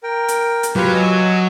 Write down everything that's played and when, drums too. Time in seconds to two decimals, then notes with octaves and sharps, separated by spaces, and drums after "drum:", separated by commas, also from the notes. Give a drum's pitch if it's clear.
0.03 A#4 G5
0.28 drum: hi-hat
0.63 drum: hi-hat
0.76 F#3 F4 G4 B4
0.93 D#5 G#5 E6